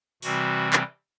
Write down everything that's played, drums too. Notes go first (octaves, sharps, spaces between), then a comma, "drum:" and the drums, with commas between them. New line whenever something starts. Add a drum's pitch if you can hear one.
C3 E3 G3 C4 F#4, drum: open hi-hat
drum: clap